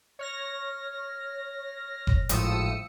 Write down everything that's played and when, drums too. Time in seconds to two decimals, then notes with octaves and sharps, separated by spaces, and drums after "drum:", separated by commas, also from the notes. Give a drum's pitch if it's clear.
0.19 C#5 F6 A#6
2.07 drum: kick F#1
2.29 G#1 A2 F3 D#6 E6 C#7, drum: hi-hat